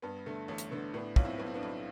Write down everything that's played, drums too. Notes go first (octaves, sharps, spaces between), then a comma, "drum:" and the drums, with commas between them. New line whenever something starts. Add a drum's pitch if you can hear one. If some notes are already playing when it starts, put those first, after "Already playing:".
G2 B3
D3 A3
A1 A3
drum: hi-hat
D3 B3
A2 B3 D4
B1 F4, drum: kick
C4 E4
B1 B3
C4
B3 D4
B1